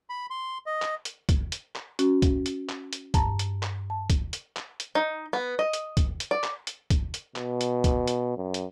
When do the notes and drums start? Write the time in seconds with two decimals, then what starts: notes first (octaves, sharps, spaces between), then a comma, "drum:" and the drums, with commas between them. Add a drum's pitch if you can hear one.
0.10 B5
0.30 C6
0.66 D#5
0.82 drum: clap
1.05 drum: hi-hat
1.29 drum: kick, hi-hat
1.52 drum: hi-hat
1.76 drum: clap
1.99 C#4 F#4, drum: hi-hat
2.22 drum: kick, hi-hat
2.46 drum: hi-hat
2.69 drum: clap
2.93 drum: hi-hat
3.14 G2 A5 A#5, drum: kick, hi-hat
3.39 drum: hi-hat
3.63 drum: clap
3.90 A5
4.10 drum: kick, hi-hat
4.33 drum: hi-hat
4.56 drum: clap
4.80 drum: hi-hat
4.95 D#4
5.33 B3
5.59 D#5
5.73 drum: hi-hat
5.97 drum: kick, hi-hat
6.20 drum: hi-hat
6.31 D5
6.44 drum: clap
6.67 drum: hi-hat
6.90 drum: kick, hi-hat
7.14 drum: hi-hat
7.36 B2, drum: clap
7.61 drum: hi-hat
7.84 drum: kick, hi-hat
8.08 drum: hi-hat
8.37 F#2
8.54 drum: hi-hat